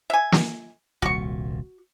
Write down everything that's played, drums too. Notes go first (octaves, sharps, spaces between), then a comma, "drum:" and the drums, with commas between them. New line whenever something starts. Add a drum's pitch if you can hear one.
E5 G#5
drum: snare
D#1 C2 A#2 F#4 C#6